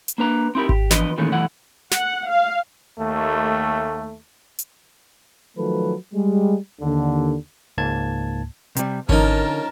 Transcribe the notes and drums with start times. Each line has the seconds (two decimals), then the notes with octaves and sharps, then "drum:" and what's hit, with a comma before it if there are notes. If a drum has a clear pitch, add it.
0.08 drum: hi-hat
0.18 A#3 D4 B4 A#5
0.55 C4 D#4 E4 G4 A#4
0.69 G4, drum: kick G#1
0.91 E2 F3 D4 B4 D#5, drum: snare
1.18 A#2 D#3 E3 G#3 A3 C#4
1.32 B1 F#2 E3 A3 E4 F#5
1.91 F#5, drum: snare
2.28 F5
2.98 D#2 A3
4.59 drum: hi-hat
5.57 D#3 F3 F#3 A3 A4 B4
6.13 G3 G#3
6.81 D#2 D3
7.78 C#2 G#2 A#3 A5 G#6
8.76 C3 G3, drum: hi-hat
9.09 D3 F3 C#4 D#4 A#4 A5, drum: kick G#1